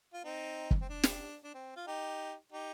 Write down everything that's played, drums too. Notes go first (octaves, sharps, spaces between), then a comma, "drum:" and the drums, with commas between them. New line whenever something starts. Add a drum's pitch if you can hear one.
F4
C4 D#4
drum: kick
C4
D4
drum: snare
D4
C4
F4
D#4 G4
D#4 G4